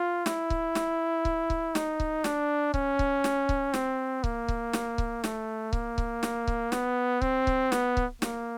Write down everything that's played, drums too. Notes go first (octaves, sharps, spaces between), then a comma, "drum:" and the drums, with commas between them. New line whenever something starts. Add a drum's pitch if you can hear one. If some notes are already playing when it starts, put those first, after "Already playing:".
Already playing: F4
E4, drum: snare
drum: kick C#1
drum: snare
drum: kick C#1
drum: kick C#1
D#4, drum: snare
drum: kick C#1
D4, drum: snare
C#4, drum: kick C#1
drum: kick C#1
drum: snare
drum: kick C#1
C4, drum: snare
A#3, drum: kick C#1
drum: kick C#1
drum: snare
drum: kick C#1
A3, drum: snare
A#3, drum: kick C#1
drum: kick C#1
drum: snare
drum: kick C#1
B3, drum: snare
C4, drum: kick C#1
drum: kick C#1
B3, drum: snare
drum: kick C#1
A#3, drum: snare